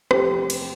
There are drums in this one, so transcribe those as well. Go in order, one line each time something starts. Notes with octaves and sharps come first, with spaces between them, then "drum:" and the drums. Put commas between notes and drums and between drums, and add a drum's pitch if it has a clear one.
E2 C3 F3 A3 G4, drum: rim click
drum: cymbal